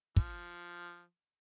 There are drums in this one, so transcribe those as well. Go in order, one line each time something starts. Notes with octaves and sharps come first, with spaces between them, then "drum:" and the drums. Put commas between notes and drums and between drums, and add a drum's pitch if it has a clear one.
F3, drum: kick